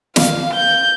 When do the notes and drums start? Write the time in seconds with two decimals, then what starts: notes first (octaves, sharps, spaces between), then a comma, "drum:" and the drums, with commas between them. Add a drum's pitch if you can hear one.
0.16 F5, drum: snare
0.54 G6